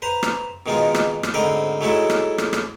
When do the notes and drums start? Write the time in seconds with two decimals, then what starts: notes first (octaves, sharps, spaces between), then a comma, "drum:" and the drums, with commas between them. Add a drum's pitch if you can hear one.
0.02 B4 C5 A#5
0.23 drum: rim click
0.66 B2 D#3 G#3 B3 D#4 F4
0.95 drum: rim click
1.23 drum: rim click
1.34 D2 G#2 C4 A#4 D#5 B5
1.81 F#3 G#3 A3 D#4 E4 F#4
2.10 drum: rim click
2.38 drum: rim click
2.53 drum: rim click